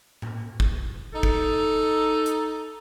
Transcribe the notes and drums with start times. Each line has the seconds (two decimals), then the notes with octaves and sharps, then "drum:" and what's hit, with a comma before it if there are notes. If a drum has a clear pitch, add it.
0.22 drum: tom A2
0.60 drum: kick
1.14 D#4 A4
1.23 drum: kick
2.26 drum: hi-hat